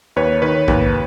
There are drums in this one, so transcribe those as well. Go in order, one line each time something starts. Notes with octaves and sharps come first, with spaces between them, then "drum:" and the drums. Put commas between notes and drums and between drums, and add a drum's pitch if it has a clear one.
D#2 B4 C#5
D#3 B4 C#5
D#2, drum: kick A#1